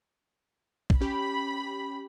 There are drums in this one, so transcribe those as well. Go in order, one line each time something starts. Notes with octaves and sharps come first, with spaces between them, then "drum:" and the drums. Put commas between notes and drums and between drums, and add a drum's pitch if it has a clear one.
drum: kick B1
C#4 G4 B5